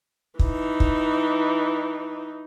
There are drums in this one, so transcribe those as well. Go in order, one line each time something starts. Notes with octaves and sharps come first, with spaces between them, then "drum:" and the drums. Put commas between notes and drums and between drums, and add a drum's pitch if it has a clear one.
E3 D#4, drum: kick
drum: kick